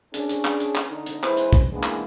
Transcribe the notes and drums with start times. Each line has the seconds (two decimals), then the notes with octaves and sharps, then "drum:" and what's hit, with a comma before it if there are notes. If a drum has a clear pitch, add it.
0.14 C#4 D4 G#4, drum: hi-hat
0.29 drum: hi-hat
0.45 drum: clap
0.60 drum: hi-hat
0.76 drum: clap
0.90 D3 D#4
1.06 drum: hi-hat
1.24 E2 G#3 E4 B4 C5, drum: clap
1.37 drum: hi-hat
1.53 drum: kick, hi-hat
1.73 D#3 E3 G#3 A#3 B3 D4
1.83 drum: clap